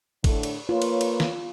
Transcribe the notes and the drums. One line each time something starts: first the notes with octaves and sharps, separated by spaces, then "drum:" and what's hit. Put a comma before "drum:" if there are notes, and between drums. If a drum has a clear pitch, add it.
A2 D3, drum: kick G#1, cymbal
drum: cymbal
A#3 F4 B4 C#5
drum: cymbal
drum: cymbal
drum: snare